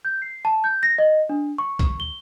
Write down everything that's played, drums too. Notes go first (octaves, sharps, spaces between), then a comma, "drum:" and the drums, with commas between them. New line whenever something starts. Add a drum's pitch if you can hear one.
G6
C7
A5
G6
A#6
D#5
D4
C#6
drum: kick B1, hi-hat
G7